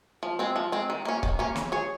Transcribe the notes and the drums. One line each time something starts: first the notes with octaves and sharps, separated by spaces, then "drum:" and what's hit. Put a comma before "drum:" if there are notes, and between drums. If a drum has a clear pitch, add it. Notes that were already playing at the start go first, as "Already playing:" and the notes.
F3
G#3 C4
F3
G#3 C4
D#3
A#3 C#4
D#3, drum: kick C#1
A#3 C#4
C#4, drum: snare
G#4 C#5